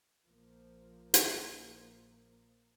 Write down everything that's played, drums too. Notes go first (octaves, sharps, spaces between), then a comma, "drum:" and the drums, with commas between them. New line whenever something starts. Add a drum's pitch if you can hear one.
A#1 F3 A#3
drum: hi-hat